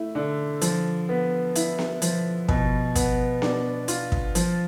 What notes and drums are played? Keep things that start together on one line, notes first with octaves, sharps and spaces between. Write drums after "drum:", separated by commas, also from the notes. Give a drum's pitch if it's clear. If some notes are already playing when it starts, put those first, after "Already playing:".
Already playing: A3 E4
D3
F3, drum: hi-hat
B3
E4, drum: hi-hat
drum: snare B3
F3, drum: hi-hat
B2, drum: kick
B3, drum: kick, hi-hat
D4, drum: snare B3
F4, drum: hi-hat
drum: kick
F3, drum: hi-hat